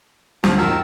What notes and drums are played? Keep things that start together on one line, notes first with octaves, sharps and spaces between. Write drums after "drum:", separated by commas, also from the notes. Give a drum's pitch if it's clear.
D2 F3, drum: snare
F2 D#3 F#4 A#4 A5 E6